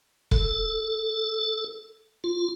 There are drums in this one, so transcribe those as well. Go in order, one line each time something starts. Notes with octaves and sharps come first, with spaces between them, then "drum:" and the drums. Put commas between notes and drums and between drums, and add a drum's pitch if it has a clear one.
A4, drum: kick
F4